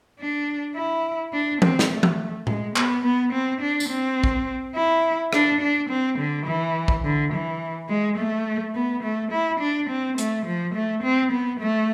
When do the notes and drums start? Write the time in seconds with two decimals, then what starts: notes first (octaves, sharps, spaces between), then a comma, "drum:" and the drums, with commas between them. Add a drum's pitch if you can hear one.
0.20 D4
0.76 E4
1.33 D4
1.62 C4, drum: tom E3
1.79 drum: snare
1.91 A3
2.03 drum: tom E3
2.47 G#3, drum: tom A2
2.76 B3, drum: clap
3.04 B3
3.33 C4
3.61 D4
3.80 drum: tambourine
3.90 C4
4.24 drum: kick
4.75 E4
5.33 D4, drum: rim click
5.61 D4
5.89 C4
6.19 D3
6.46 E3
6.88 drum: kick
7.04 D3
7.33 E3
7.89 G#3
8.18 A3
8.75 B3
9.03 A3
9.32 E4
9.60 D4
9.90 C4
10.18 A3, drum: hi-hat
10.46 F3
10.74 A3
11.03 C4
11.32 B3
11.60 A3